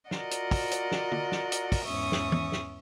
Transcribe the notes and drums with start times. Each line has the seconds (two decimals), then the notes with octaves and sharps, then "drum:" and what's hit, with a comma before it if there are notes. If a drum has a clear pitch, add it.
0.11 F4 F#4 A#4 D5 D#5 F#5, drum: snare
0.31 drum: hi-hat
0.51 drum: kick, open hi-hat
0.71 drum: hi-hat
0.92 drum: snare
1.12 drum: tom
1.32 drum: snare
1.52 drum: hi-hat
1.72 drum: kick, open hi-hat
1.83 E2 G#2 C#4 E5 C#6 D#6
2.12 drum: snare
2.32 drum: tom E3
2.52 drum: snare